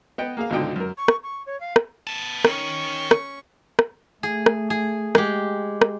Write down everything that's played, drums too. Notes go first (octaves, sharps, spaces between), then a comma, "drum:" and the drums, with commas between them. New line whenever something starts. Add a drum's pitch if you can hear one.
B3 D#5 F#5 G5
A#3 G#4 F5
G#1 C#2 B2 D3 D#4 G5
F#2 A#4
C#6
drum: rim click
C#6
C#5
F5
drum: rim click
B3 A5
D#3 C#4 C#6, drum: rim click
drum: rim click
drum: rim click
A3 G#4
drum: rim click
G#4
G#3 G4, drum: rim click
drum: rim click